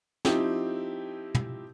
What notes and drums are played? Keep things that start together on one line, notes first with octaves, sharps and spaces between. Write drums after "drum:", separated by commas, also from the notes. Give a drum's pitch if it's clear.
F3 C4 D#4 E4 G4, drum: snare
drum: tom